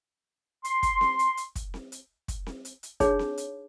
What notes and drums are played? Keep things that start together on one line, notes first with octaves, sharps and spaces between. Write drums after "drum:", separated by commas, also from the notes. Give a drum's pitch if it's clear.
C6, drum: hi-hat
drum: kick, hi-hat
drum: snare C4
drum: hi-hat
drum: hi-hat
drum: kick, hi-hat
drum: snare C4
drum: hi-hat
drum: kick, hi-hat
drum: snare C4
drum: hi-hat
drum: hi-hat
D4 D#4 G#4 C#5, drum: kick, hi-hat
drum: snare C4
drum: hi-hat